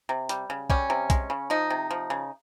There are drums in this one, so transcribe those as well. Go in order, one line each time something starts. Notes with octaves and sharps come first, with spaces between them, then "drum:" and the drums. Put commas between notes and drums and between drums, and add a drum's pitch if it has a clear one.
C3
G3, drum: hi-hat
C#3
G3 C#4, drum: kick
C3
G#3, drum: kick, hi-hat
C#3
F3 D#4
C3
F3
C#3